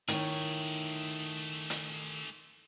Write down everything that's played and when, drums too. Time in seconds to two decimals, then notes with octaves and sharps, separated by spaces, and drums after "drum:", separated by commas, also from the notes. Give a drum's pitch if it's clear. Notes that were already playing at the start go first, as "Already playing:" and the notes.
0.08 D#3 A3 E4 G#4 C#5, drum: hi-hat
1.70 drum: hi-hat